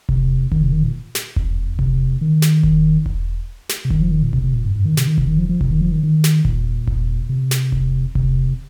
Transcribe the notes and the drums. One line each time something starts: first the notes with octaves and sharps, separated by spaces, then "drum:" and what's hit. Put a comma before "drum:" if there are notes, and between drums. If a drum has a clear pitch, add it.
C3, drum: kick E1
D#3, drum: kick E1
C3
D#3
A#2
drum: snare
F2, drum: kick E1
C3, drum: kick E1
D#3
drum: snare
drum: kick E1
drum: kick E1
drum: snare
C3
D#3, drum: kick E1
F3
D#3
A#2
C3, drum: kick E1
C3
A#2
G2
G2
D#3
C3, drum: snare
D#3
C3, drum: kick E1
D#3
F3
F3
C3, drum: kick E1
D#3
F3
D#3
D#3
drum: snare
A#2, drum: kick E1
drum: kick E1
C3
drum: snare
drum: kick E1
C3, drum: kick E1